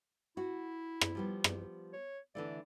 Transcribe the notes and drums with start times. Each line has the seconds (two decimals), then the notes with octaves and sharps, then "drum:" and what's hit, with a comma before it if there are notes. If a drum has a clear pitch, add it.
0.37 E4 F#4
1.01 drum: rim click
1.15 F3 G3 B3
1.44 drum: rim click
1.93 C#5
2.35 D3 E3 A3 D5